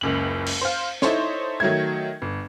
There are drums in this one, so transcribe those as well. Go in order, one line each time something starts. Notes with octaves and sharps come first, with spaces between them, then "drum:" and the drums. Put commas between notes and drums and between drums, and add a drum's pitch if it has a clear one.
F#1 C#2 F#7
drum: cymbal
C5 F5
D#4 E4 A4 C5 C#5, drum: snare
D#3 F#3 A3 G#6
G1